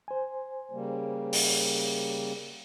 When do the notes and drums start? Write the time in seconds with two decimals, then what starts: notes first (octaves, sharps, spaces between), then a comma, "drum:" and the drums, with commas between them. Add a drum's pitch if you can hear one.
0.08 C5 G#5
0.71 C#3 G3 A#3
1.33 drum: open hi-hat